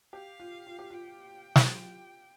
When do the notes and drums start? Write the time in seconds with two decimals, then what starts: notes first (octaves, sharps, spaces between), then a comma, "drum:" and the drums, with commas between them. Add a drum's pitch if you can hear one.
0.13 G4 F5
0.40 F4
0.67 F4
0.79 G4
0.90 F4 G5
1.56 drum: snare